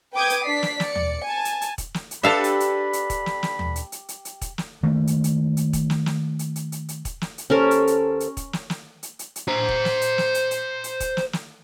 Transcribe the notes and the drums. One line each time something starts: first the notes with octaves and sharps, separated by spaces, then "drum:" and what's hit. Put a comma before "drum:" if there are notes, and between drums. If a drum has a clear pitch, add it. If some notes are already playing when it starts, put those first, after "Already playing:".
B4 G5 D6 D#6 G6 G#6
drum: hi-hat
D4 D5 B6 C7
drum: snare
D5 C#7, drum: snare
drum: tom D#2
G#5 A5
drum: hi-hat
drum: hi-hat
drum: kick, hi-hat
drum: snare
drum: hi-hat
D4 G4 A4 B4 E5 F5 A5 B5
drum: hi-hat
drum: hi-hat
drum: hi-hat
drum: kick, hi-hat
drum: snare
drum: snare
drum: tom D#2
drum: hi-hat
drum: hi-hat
drum: hi-hat
drum: hi-hat
drum: kick, hi-hat
drum: snare
D#3 A3 A#3
drum: hi-hat
drum: hi-hat
drum: hi-hat
drum: kick, hi-hat
drum: snare
drum: snare
drum: hi-hat
drum: hi-hat
drum: hi-hat
drum: hi-hat
drum: kick, hi-hat
drum: snare
drum: hi-hat
D#2 C#4 A4 A#4 C5
drum: hi-hat
drum: hi-hat
drum: hi-hat
drum: kick, hi-hat
drum: snare
drum: snare
drum: hi-hat
drum: hi-hat
drum: hi-hat
C5 A#5
drum: kick
drum: snare
drum: hi-hat
drum: snare
drum: hi-hat
drum: hi-hat
drum: hi-hat
drum: kick, hi-hat
drum: snare
drum: snare